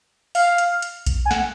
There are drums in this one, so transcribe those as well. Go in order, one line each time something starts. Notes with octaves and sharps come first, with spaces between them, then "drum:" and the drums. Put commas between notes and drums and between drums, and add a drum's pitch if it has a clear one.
F5, drum: open hi-hat
drum: hi-hat
drum: hi-hat
drum: kick A#1, hi-hat
G#5
F#5, drum: snare